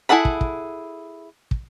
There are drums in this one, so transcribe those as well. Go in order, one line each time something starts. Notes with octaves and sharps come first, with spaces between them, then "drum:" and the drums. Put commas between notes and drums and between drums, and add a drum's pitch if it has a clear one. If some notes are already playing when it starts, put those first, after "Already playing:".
E4 G#4 A4 F#5 B5
drum: kick
drum: kick
drum: kick